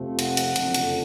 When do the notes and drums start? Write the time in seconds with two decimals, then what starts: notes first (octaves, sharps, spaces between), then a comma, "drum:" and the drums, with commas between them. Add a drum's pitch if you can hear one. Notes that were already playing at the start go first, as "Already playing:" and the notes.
Already playing: F2 C3 F3 A3 C4
0.19 F#5, drum: hi-hat
0.37 drum: hi-hat
0.56 F#1 F2 D3, drum: hi-hat
0.74 drum: hi-hat